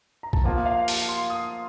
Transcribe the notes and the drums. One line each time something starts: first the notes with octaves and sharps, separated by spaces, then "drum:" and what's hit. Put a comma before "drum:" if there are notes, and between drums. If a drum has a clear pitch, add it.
A#5
A5, drum: kick
F3 A#3 F4 F#5
F5
A5, drum: open hi-hat
C6
D#6